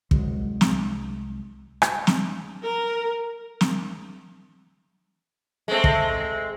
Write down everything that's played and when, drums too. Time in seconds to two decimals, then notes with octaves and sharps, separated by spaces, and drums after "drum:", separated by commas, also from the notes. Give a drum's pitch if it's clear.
0.11 C2 F#3 G#3, drum: kick
0.61 drum: snare
1.82 drum: rim click
2.07 drum: snare
2.62 A#4
3.61 drum: snare
5.68 G#3 A3 C4
5.84 drum: kick